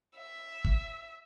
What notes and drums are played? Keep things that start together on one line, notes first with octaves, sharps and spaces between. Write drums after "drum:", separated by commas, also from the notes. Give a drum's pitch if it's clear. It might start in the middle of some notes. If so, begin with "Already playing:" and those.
E5
drum: kick